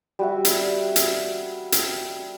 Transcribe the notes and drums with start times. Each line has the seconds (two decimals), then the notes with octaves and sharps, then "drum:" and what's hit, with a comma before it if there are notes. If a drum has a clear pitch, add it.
0.19 G3 F#4 E5
0.45 drum: hi-hat
0.96 drum: hi-hat
1.72 drum: hi-hat